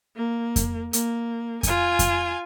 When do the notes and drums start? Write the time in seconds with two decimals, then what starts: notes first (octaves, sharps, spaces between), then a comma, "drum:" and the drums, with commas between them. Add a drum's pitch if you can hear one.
0.16 A#3
0.56 drum: kick F2, hi-hat
0.93 A#3, drum: hi-hat
1.63 F4 G#5, drum: kick F2, hi-hat
1.99 drum: kick F2, hi-hat